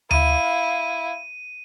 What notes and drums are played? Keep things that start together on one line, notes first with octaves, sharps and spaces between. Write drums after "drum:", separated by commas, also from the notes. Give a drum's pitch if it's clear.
E4 F5 D#7, drum: tom D2